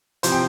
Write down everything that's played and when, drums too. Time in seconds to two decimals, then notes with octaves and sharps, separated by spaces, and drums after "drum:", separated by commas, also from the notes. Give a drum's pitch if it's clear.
0.23 C3 F3 C5, drum: hi-hat
0.32 G5